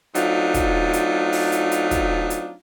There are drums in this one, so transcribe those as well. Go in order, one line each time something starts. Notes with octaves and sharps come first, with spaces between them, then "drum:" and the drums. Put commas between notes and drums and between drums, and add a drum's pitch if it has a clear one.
F#3 A3 C4 D4 D#4 F4, drum: hi-hat
drum: kick, hi-hat
drum: hi-hat
drum: open hi-hat
drum: hi-hat
drum: hi-hat
drum: kick, hi-hat
drum: hi-hat